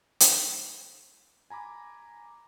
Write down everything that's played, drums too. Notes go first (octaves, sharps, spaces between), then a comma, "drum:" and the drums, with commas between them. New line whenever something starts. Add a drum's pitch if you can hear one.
drum: hi-hat
G#5 A#5 B5 D6